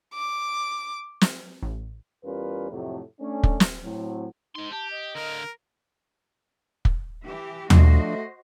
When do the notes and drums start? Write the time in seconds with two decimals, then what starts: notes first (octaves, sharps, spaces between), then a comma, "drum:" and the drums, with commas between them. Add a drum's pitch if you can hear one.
0.14 D6
1.21 drum: snare
1.63 A1
2.24 E2 G3 C#4 F4 A#4 B4
2.71 F2 A2 C3 F#3 A3
3.20 A3 C#4 D4
3.43 drum: kick
3.60 drum: snare
3.83 A2 F#3 C4
4.55 G#2 D#4 C6
4.71 G4 A5
4.91 D#5
5.15 D3 A#4 F5
6.85 drum: kick
7.24 E3 G4 E5
7.70 F3 A3 D4 F#4 C5 D#5, drum: tom D#2